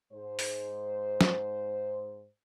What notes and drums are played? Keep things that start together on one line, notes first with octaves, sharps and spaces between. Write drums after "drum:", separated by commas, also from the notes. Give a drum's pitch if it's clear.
G#2 C5
drum: open hi-hat
drum: snare